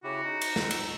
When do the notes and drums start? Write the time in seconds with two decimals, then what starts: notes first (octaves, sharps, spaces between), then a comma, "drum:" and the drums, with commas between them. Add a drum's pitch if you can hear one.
0.04 C#3 E4 F#4 G4
0.24 D#4
0.41 drum: cymbal
0.56 drum: snare
0.71 E6, drum: cymbal